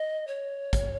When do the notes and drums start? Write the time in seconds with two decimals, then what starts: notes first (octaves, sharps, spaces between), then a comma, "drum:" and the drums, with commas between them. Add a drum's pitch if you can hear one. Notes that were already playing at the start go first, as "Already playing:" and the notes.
Already playing: D#5
0.27 C#5
0.73 drum: kick, hi-hat